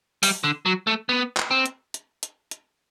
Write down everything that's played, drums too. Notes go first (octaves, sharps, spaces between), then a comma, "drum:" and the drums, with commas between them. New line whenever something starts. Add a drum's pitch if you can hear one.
G3, drum: open hi-hat
D3
F#3
A3
B3
drum: clap
C4
drum: hi-hat
drum: hi-hat
drum: hi-hat
drum: hi-hat